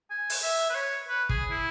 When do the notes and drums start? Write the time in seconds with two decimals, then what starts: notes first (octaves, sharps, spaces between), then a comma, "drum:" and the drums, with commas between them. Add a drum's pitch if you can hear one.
0.10 G#5
0.30 drum: open hi-hat
0.43 E5
0.69 B4
0.75 C#5
1.08 B4
1.29 G#4, drum: kick
1.52 E4